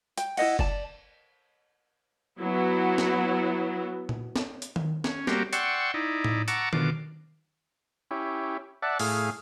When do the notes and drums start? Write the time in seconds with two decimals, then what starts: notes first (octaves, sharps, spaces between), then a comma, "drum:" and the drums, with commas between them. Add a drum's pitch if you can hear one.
0.17 G5, drum: hi-hat
0.37 E4 C#5 D#5 F#5, drum: cymbal
0.59 D5 A5, drum: kick
2.40 F#3 B3 E4 F#4
2.98 drum: snare
4.09 drum: tom A#2
4.36 drum: snare
4.62 drum: hi-hat
4.76 drum: tom D#3
5.04 C#4, drum: snare
5.27 G3 A#3 C4 F#4 G4, drum: snare
5.53 D5 F#5 G5 C6 C#6 E6, drum: hi-hat
5.94 D#4 E4 D5
6.24 drum: tom A2
6.48 F#5 A5 A#5 C#6 D6 E6, drum: hi-hat
6.73 B2 D3 F4 D6, drum: tom D#3
8.11 C#4 E4 G4
8.82 D5 E5 F#5 A5
8.99 A2 G#4 F5, drum: open hi-hat